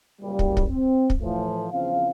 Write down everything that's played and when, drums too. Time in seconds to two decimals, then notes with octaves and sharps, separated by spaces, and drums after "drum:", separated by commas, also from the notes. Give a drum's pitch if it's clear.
0.21 F#1 A#2 G3
0.39 drum: kick
0.57 drum: kick
0.69 C4
1.10 drum: kick
1.21 A2 E3 F3
1.72 E2 C#3 F3 C4 F5